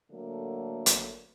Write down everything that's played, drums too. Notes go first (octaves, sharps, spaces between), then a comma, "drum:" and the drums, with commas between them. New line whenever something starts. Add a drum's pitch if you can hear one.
D3 F#3 A3 A#3
drum: hi-hat